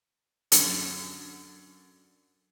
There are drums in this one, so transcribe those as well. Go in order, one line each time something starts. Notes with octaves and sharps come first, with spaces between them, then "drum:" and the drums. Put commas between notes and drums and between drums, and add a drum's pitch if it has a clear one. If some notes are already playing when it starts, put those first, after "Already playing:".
F#2 D3, drum: hi-hat